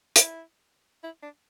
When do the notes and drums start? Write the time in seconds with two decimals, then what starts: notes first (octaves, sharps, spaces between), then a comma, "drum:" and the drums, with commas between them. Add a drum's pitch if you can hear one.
0.16 E4, drum: hi-hat
1.04 E4
1.23 D4